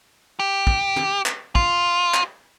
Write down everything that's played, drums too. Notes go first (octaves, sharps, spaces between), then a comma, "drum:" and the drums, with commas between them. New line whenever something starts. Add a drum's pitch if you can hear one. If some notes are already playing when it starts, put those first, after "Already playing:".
G4
drum: kick
drum: tom
drum: clap
F4, drum: kick
drum: clap